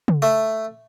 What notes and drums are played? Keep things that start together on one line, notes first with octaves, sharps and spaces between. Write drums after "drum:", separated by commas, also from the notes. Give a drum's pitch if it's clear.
drum: tom C#3
A3